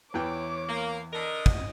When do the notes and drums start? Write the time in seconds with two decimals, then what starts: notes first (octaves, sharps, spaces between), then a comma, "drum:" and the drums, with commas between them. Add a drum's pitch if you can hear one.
0.14 E2 E3 C#5 G5 D6
0.69 A#3
1.13 D3 D4 A#4 D#5
1.46 drum: kick